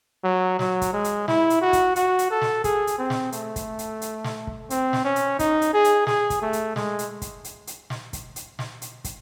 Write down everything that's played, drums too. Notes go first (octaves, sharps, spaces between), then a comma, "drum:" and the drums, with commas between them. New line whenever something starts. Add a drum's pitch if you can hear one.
F#3
F#3, drum: snare
drum: kick, hi-hat
G#3
drum: hi-hat
E4, drum: snare
drum: hi-hat
F#4
drum: kick, hi-hat
F#4, drum: hi-hat
drum: hi-hat
A4
drum: snare
G#4, drum: kick, hi-hat
drum: hi-hat
C4
drum: snare
A3, drum: hi-hat
drum: kick, hi-hat
drum: hi-hat
drum: hi-hat
drum: snare
drum: kick
C4, drum: hi-hat
drum: snare
C#4
drum: hi-hat
D#4, drum: kick, hi-hat
drum: hi-hat
G#4
drum: hi-hat
G#4, drum: snare
drum: kick, hi-hat
A3
drum: hi-hat
G#3, drum: snare
drum: hi-hat
drum: kick, hi-hat
drum: hi-hat
drum: hi-hat
drum: snare
drum: kick, hi-hat
drum: hi-hat
drum: snare
drum: hi-hat
drum: kick, hi-hat